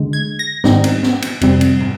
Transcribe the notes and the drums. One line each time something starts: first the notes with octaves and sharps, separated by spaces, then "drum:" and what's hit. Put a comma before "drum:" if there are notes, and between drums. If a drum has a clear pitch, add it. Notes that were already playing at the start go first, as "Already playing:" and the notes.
Already playing: D2 D3 G#3
G#6
A#6
G#2 D#3 G3 C4 D#4, drum: snare
drum: cymbal
drum: snare
drum: cymbal
F2 C3 G3 C4, drum: cymbal
drum: cymbal
drum: tom